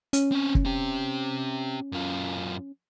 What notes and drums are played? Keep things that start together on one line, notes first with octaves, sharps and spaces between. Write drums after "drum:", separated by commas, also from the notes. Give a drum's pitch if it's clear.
C#4, drum: hi-hat
C4 C#5
drum: kick
C4 G4
F#2 F4